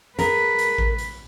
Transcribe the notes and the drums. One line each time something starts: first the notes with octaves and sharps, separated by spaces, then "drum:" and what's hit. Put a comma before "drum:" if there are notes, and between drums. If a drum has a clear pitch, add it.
G#4 A#4 B4, drum: hi-hat
drum: hi-hat
drum: kick A1
drum: hi-hat